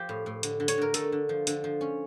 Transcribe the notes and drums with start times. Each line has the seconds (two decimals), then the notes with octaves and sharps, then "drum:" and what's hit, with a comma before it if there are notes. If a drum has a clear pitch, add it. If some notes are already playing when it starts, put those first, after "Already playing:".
Already playing: F3 G4
0.09 A2
0.26 A2
0.43 D3, drum: hi-hat
0.60 D3
0.68 C#5, drum: hi-hat
0.78 D3 A#4
0.94 A3 A4, drum: hi-hat
1.12 D3
1.29 F3
1.47 D3, drum: hi-hat
1.64 F3
1.81 C#4